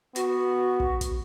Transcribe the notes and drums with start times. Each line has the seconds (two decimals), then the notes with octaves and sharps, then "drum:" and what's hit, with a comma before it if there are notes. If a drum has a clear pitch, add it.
0.16 B3 F#4, drum: hi-hat
0.80 drum: kick
1.01 drum: kick, hi-hat